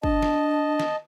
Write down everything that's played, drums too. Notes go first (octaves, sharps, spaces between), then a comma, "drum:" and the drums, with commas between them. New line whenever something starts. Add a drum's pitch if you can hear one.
D4 D#5 A5, drum: kick
drum: snare
drum: snare